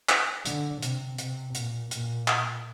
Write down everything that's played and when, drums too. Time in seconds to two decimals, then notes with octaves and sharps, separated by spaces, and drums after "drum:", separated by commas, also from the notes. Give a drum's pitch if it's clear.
0.09 drum: clap
0.46 D3, drum: hi-hat
0.83 C3, drum: hi-hat
1.18 C3, drum: hi-hat
1.55 A#2, drum: hi-hat
1.91 A#2, drum: hi-hat
2.28 drum: clap